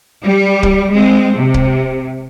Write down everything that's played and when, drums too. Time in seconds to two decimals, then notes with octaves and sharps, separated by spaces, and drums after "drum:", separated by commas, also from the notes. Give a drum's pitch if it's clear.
0.24 G3
0.63 drum: kick C#1
0.93 G#3 C4
1.37 C3
1.54 drum: kick C#1